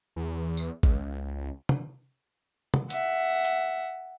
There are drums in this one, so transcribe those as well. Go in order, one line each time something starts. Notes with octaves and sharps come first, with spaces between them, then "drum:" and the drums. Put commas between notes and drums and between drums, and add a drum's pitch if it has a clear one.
E2
drum: tambourine
C#2, drum: kick
drum: tom
drum: tom
E5 F#5, drum: hi-hat
drum: hi-hat